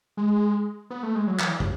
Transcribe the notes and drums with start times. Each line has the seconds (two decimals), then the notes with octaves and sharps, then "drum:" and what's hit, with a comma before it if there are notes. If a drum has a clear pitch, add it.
0.17 G#3
0.90 B3
1.03 A3
1.15 G#3
1.27 F#3
1.39 E3, drum: clap
1.60 drum: kick